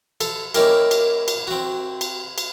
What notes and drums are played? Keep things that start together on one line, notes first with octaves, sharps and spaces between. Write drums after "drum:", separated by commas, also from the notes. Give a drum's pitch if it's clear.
A4, drum: cymbal
A#3 C#4 D#4 E4 G4 A#4, drum: cymbal
drum: cymbal
drum: cymbal
C4 F#4
drum: cymbal
drum: cymbal